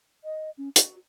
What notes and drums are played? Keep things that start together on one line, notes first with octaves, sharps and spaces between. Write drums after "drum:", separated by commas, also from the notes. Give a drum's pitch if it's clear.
D#5
C#4
F#4, drum: hi-hat